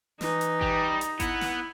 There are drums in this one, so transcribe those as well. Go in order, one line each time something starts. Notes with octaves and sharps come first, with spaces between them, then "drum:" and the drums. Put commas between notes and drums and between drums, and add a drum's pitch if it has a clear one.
E3 D#4, drum: snare
drum: hi-hat
G3, drum: kick G#1
drum: hi-hat
B3 E4 F#5, drum: kick G#1, hi-hat
drum: snare